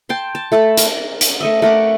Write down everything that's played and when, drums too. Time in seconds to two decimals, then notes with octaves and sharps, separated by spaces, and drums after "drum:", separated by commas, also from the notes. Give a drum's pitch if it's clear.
0.09 G5 A5 C6
0.35 A5
0.52 A3 A4 A5 B5
0.77 A#4, drum: hi-hat
1.21 drum: hi-hat
1.41 A3 D#5 E5
1.62 A3 A#4 F#5 D6